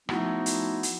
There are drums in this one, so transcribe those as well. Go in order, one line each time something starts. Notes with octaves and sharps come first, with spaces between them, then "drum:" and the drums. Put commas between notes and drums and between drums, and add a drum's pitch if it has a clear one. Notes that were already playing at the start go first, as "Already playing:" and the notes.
F3 A3 B3 D#4 E4 F#4, drum: rim click
drum: hi-hat
drum: hi-hat